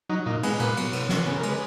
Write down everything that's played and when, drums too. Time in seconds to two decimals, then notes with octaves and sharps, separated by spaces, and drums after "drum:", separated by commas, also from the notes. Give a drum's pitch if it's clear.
0.09 F#3 D#4
0.26 A#2 D#4
0.43 G#3 B3, drum: cymbal
0.60 A#2 B3, drum: cymbal
0.77 F#3, drum: cymbal
0.93 B2, drum: cymbal
1.09 F#3, drum: snare
1.26 C#3 B3
1.37 A#4
1.43 G#3, drum: cymbal
1.49 B4